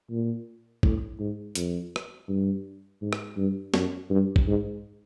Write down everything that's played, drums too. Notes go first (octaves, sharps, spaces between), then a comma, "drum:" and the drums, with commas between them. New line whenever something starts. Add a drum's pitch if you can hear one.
A#2
A2, drum: kick
G#2
F2, drum: hi-hat
drum: rim click
G2
G#2
drum: rim click
G2
F#2, drum: snare
G2
drum: kick
G#2